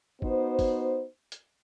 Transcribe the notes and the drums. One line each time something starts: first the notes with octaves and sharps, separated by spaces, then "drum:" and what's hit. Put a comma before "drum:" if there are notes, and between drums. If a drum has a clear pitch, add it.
B3 D#4 F#4 C5, drum: kick
drum: kick, open hi-hat
drum: hi-hat